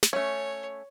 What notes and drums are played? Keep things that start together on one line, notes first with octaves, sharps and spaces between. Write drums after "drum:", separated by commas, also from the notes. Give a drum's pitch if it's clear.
drum: snare
A3 C#4 C#5